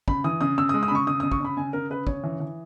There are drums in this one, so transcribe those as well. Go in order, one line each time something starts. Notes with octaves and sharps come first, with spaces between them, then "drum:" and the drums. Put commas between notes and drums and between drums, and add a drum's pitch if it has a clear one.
C#3 B5, drum: kick
E3 D#6
C#3 D#6
C#3 E6
D#6
G#3
D#6
B5
C#3 C#6
C#3 D#6
C#3 D#6
C#6, drum: kick
C#3 B5
C#3 G#5
C#3 A#4
C#3 B4
C#3 C#5, drum: kick
E3
E3